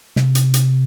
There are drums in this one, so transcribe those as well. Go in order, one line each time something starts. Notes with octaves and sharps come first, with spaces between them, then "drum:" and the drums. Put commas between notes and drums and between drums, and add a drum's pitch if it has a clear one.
C3, drum: snare
drum: hi-hat
drum: hi-hat